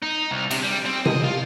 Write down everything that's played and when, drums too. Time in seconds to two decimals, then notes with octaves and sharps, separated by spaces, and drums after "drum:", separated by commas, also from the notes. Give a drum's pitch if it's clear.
0.03 D#4
0.31 C2
0.51 C3, drum: cymbal
0.63 G3
0.85 C4
1.06 D#5, drum: tom C3
1.24 F4